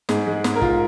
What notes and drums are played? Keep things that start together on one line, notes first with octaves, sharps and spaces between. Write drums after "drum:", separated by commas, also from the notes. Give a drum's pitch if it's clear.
G#2 G#4, drum: snare
G#3
G#4
G#2, drum: snare
A#4
F4, drum: kick